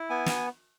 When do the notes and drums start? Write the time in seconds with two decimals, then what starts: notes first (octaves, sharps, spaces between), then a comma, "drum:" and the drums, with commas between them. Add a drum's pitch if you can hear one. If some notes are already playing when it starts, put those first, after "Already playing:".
Already playing: E4
0.10 B3 G#5
0.26 drum: snare